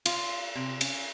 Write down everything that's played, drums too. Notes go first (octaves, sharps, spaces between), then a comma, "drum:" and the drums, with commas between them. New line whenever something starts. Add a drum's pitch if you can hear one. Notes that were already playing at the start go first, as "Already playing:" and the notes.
F4, drum: cymbal
C3
C#4, drum: cymbal